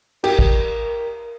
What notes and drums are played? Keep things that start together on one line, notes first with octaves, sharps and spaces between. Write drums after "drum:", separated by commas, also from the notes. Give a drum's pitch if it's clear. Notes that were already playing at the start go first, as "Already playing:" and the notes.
G4 A#4, drum: cymbal
drum: kick